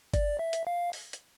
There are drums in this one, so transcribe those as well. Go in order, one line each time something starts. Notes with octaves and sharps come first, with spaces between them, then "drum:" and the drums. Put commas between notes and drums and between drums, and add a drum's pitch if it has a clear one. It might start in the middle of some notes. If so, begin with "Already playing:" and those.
D5, drum: kick G1, hi-hat
E5
drum: hi-hat
F5
drum: open hi-hat
drum: hi-hat